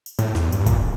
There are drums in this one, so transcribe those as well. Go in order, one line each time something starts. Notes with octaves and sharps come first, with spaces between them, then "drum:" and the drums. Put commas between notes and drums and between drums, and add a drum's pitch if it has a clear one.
drum: tambourine
A2, drum: tambourine
E2, drum: snare
G2, drum: tambourine
A#2, drum: kick, tambourine
D1